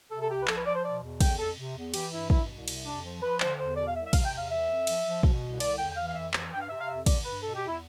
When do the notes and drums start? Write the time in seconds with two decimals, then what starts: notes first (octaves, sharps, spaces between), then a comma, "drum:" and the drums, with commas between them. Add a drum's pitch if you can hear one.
0.11 C3 A4
0.22 A4
0.30 C2 G4
0.43 B4
0.48 F3 A4, drum: clap
0.56 B4
0.66 F3 D5
0.75 C5
0.85 B2 D5
1.03 E2
1.21 D3 G5, drum: kick, cymbal
1.39 F2 A4
1.57 C3
1.76 E2
1.94 E3 G4, drum: cymbal
2.12 G2 E4
2.30 B2 E4, drum: kick
2.49 C2
2.68 C3, drum: cymbal
2.85 F2 D4
3.04 F3
3.22 F3 B4
3.40 D3 C5, drum: clap
3.59 E2 C5
3.76 B2 D5
3.88 F5
3.96 C2 E5
4.06 E5
4.13 C3 F5, drum: kick, cymbal
4.25 G5
4.31 E2
4.38 F5
4.50 E3 E5
4.69 F2
4.87 F3, drum: cymbal
5.05 F3
5.23 B2, drum: kick
5.41 C2
5.60 D3 D5, drum: cymbal
5.78 E2 G5
5.92 G5
5.97 E3 F5
6.08 F5
6.15 F2 E5
6.34 E3, drum: clap
6.52 G2 G5
6.61 F5
6.70 C3 E5
6.81 F5
6.88 F2 E5
7.06 D3 D5, drum: kick, cymbal
7.25 G2 B4
7.43 B2 A4
7.55 G4
7.61 E2
7.67 E4